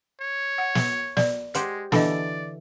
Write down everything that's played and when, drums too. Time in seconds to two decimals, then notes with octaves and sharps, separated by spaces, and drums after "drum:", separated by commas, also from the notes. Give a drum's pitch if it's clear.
0.21 C#5
0.58 F#5
0.75 drum: snare
1.17 D5, drum: snare
1.55 G#3 G4 C5 F#5, drum: hi-hat
1.92 D3 E3 D4 A4 D5 D#5, drum: snare